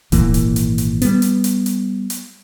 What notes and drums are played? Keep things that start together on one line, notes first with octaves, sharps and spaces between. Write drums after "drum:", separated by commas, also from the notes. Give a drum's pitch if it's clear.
G#1 A#2 E3 A#3, drum: kick D#1, hi-hat
drum: hi-hat
drum: hi-hat
drum: hi-hat
G3 B3, drum: hi-hat
drum: hi-hat
drum: hi-hat
drum: hi-hat
drum: hi-hat